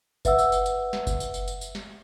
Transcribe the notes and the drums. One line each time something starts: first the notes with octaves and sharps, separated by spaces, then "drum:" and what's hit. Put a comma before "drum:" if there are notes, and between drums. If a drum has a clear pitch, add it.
B4 E5 F#5 E6, drum: kick F#1, tambourine
drum: tambourine
drum: tambourine
drum: tambourine
drum: snare
drum: kick F#1, tambourine
drum: tambourine
drum: tambourine
drum: tambourine
drum: tambourine
drum: snare